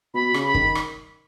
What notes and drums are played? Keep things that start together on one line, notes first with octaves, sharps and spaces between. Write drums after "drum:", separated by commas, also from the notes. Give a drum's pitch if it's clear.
B2 B5
C#3, drum: rim click
B5
D#3, drum: kick
drum: rim click